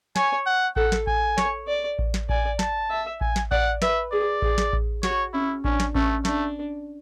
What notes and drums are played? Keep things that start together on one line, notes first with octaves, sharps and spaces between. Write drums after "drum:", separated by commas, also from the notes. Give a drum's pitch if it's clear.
C#5 G#5, drum: snare
F#5
A4 F#5, drum: kick A1
drum: snare
G#5, drum: kick A1
C#5, drum: snare
D5
drum: kick A1
drum: snare
D5 G#5, drum: kick A1
A5, drum: snare
E5
G#5, drum: kick A1
drum: snare
D5 F#5, drum: kick A1
B4 E5, drum: snare
G#4 D5
G#4, drum: kick A1
drum: snare
drum: kick A1
F#4 C#5, drum: snare
C#4 E4
C#4 D4, drum: kick A1
drum: snare
A3 C#4, drum: kick A1
A3 D4, drum: snare